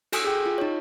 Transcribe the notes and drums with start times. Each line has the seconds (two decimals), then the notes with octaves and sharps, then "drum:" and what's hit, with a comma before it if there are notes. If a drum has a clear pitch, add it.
0.12 F#4 A4 G#5 D#6 E6 F#6, drum: cymbal
0.25 G#4 G5
0.46 F4
0.58 D#4 C#5